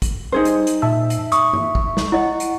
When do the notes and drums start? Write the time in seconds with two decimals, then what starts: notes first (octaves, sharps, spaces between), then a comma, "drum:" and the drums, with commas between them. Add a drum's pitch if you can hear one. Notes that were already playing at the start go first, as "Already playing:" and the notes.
0.02 drum: kick, hi-hat
0.32 G3 D#4 G#4 C5
0.45 drum: hi-hat
0.67 drum: hi-hat
0.82 A#2 E5 A5 E6
1.10 drum: hi-hat
1.32 C#6 D#6, drum: hi-hat
1.53 drum: tom
1.75 drum: kick
1.97 drum: snare
2.12 E4 D#5 F#5
2.40 drum: hi-hat